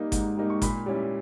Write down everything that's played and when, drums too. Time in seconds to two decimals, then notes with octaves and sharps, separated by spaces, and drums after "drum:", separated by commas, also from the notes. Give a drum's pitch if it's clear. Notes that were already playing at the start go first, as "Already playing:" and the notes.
Already playing: G3 A#3 D#4
0.12 G#2, drum: kick G1, hi-hat
0.38 G3 A#3 D#4
0.50 C#6
0.62 A#2 B5, drum: kick G1, hi-hat
0.86 G3 C#4 E4